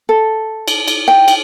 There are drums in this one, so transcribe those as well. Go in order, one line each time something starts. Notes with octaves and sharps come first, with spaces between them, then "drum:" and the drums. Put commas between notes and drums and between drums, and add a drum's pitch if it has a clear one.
A4
drum: cymbal
drum: cymbal
G5
drum: cymbal